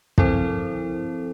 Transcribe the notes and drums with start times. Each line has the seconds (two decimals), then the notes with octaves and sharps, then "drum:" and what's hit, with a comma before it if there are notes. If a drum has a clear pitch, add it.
0.18 F3 C4 E4 A4 C5, drum: kick